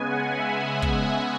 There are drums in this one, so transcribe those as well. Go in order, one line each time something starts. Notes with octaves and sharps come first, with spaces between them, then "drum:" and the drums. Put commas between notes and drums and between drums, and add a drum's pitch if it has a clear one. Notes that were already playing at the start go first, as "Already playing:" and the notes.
Already playing: C#3 G#3 B3 G#5
F#5
E5
drum: kick